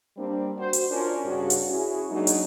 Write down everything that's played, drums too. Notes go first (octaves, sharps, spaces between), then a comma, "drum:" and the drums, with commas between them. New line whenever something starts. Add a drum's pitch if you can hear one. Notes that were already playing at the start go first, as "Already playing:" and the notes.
G3 A#3 C4 D4
F#4 C5
drum: hi-hat
C#4 D4 F4 A#4 C5 D5
G2 C#3 F#4
drum: hi-hat
C#4 E4 F#4 G#4
F#3 G#3 A#3 D4 D#4
drum: hi-hat